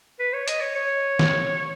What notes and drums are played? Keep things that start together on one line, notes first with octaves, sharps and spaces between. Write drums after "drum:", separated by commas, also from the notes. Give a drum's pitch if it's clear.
B4
C#5
D#5, drum: hi-hat
C#5
C#5
drum: snare